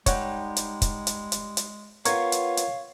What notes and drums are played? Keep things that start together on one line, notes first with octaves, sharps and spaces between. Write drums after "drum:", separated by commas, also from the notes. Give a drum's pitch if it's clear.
G3 G#3 D#4 C#5 F#5 G5, drum: kick, hi-hat
drum: hi-hat
drum: kick, hi-hat
drum: hi-hat
drum: hi-hat
drum: hi-hat
B3 F4 A#4 C#5 F5 C#6 G#6, drum: hi-hat
drum: hi-hat
drum: hi-hat